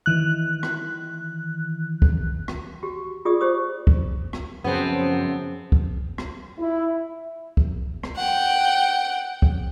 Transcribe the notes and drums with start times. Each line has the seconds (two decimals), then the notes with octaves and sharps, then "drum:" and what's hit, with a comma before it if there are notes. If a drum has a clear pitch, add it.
0.06 D#3 E3 F#6
0.63 drum: rim click
2.02 drum: kick
2.48 drum: rim click
2.83 F#4 G4
3.25 F4 G4 G#4 D5 D#6
3.41 G4 C5 D#6
3.87 drum: kick
4.33 drum: rim click
4.64 F#2 C#3 F3 B3 C4
5.72 drum: kick
6.18 drum: rim click
6.60 E4
7.57 drum: kick
8.03 drum: rim click
8.16 F#5 G5
9.42 drum: kick